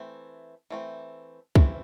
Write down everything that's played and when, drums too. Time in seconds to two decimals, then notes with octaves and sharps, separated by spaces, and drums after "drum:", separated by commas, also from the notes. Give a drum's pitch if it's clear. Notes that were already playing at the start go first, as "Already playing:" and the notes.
Already playing: E3 A3 C4
0.70 E3 A3 C4
1.55 E3 A3 C4, drum: kick C2